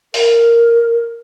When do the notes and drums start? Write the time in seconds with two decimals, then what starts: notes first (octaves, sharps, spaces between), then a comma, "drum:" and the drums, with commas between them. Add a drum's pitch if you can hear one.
0.14 A#4, drum: open hi-hat